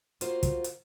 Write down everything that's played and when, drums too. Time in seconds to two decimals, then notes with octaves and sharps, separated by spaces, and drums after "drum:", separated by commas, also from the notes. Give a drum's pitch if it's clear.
0.21 A#3 F4 F#4 C5, drum: hi-hat
0.43 drum: kick, hi-hat
0.64 drum: hi-hat